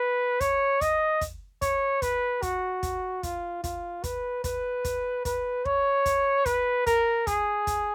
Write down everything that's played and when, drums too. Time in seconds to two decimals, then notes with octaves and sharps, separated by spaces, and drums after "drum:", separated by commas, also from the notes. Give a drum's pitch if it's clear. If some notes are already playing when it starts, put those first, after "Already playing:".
Already playing: B4
0.41 C#5, drum: kick, hi-hat
0.81 D#5, drum: kick, hi-hat
1.21 drum: kick, hi-hat
1.62 C#5, drum: kick, hi-hat
2.02 B4, drum: kick, hi-hat
2.42 F#4, drum: kick, hi-hat
2.83 drum: kick, hi-hat
3.23 F4, drum: kick, hi-hat
3.64 F4, drum: kick, hi-hat
4.04 B4, drum: kick, hi-hat
4.44 B4, drum: kick, hi-hat
4.85 drum: kick, hi-hat
5.25 B4, drum: kick, hi-hat
5.65 C#5, drum: kick
6.06 drum: kick, hi-hat
6.46 B4, drum: kick, hi-hat
6.87 A#4, drum: kick, hi-hat
7.27 G#4, drum: kick, hi-hat
7.67 drum: kick, hi-hat